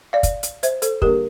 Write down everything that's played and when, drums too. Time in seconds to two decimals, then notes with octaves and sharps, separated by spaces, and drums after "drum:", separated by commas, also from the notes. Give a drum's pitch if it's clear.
0.13 D5 F5
0.23 drum: kick, hi-hat
0.43 drum: hi-hat
0.63 C5 E5, drum: hi-hat
0.82 A4 C5, drum: hi-hat
1.02 D3 G3 A#3 D4 G4 A#4, drum: kick